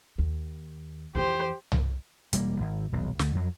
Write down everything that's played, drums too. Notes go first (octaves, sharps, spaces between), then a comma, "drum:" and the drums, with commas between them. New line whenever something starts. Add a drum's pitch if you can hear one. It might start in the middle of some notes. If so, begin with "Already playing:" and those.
D#2
F2 E3 G4 C5
drum: tom C2
E1 G3 A#3, drum: hi-hat
G#1
D#1 B1
D2 D3 A3, drum: snare
F2 F#3